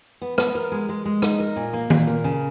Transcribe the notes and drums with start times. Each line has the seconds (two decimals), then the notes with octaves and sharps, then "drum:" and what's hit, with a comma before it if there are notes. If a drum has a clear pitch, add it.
0.22 B3
0.38 B3, drum: rim click
0.55 A#4
0.72 G#3
0.89 G#3
1.05 G#3
1.22 D#4, drum: rim click
1.40 A#4
1.56 A#2
1.73 A#3
1.90 A#2, drum: tom D#3
2.07 A#4
2.24 C#3